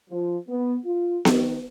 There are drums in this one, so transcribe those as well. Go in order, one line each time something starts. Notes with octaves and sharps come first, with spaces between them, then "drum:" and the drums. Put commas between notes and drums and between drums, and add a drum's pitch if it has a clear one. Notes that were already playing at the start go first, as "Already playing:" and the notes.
F3
B3
F4
D#3, drum: snare B3